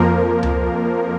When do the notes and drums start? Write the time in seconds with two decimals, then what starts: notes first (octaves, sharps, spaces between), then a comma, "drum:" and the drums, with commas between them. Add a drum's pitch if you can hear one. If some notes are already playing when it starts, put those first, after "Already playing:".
Already playing: F2 F3 A#3 A#4
0.43 drum: tom C#2